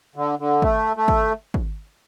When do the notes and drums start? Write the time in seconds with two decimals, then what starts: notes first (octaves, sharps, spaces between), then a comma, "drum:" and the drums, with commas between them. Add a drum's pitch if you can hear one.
0.16 D3
0.39 D3
0.62 A3, drum: kick
0.97 A3
1.08 drum: kick
1.54 drum: kick